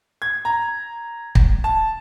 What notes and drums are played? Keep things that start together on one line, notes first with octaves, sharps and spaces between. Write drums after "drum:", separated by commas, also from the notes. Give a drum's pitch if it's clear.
G#6
A#5
drum: kick
A5